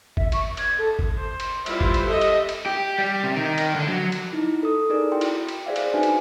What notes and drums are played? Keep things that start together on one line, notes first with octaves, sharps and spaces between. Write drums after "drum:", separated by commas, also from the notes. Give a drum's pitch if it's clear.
E5, drum: kick F#1
C#6, drum: cymbal
G#6, drum: cymbal
A4
drum: kick F#1
C5
drum: cymbal
G3 E4 F4 B4 C5, drum: cymbal
drum: kick F#1
drum: cymbal
G4 A4 D#5 E5
drum: cymbal
drum: cymbal
G4
G3
C3
D#3
drum: cymbal
D3
F#3
drum: cymbal
D#4 E4
A4 D#6
D#4 G#4 A#4 D5
E4 F#4 G5 C6
drum: cymbal
drum: cymbal
G#4 C5 D5 E5 F5
drum: cymbal
D4 D#4 F#4 B4 G#5
drum: cymbal